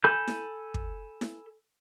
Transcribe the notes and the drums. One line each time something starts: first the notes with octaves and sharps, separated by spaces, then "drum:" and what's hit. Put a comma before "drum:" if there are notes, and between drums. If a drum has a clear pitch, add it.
A4 G#5 B5 G6
drum: snare E4
drum: kick
drum: snare E4